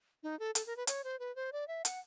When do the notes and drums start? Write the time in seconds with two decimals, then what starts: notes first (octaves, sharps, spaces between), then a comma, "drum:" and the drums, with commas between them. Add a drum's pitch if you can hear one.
0.23 D#4
0.39 A4
0.55 A4, drum: hi-hat
0.66 A#4
0.77 B4
0.87 C#5, drum: hi-hat
1.04 C5
1.19 B4
1.36 C5
1.52 D5
1.68 E5
1.85 F#5, drum: hi-hat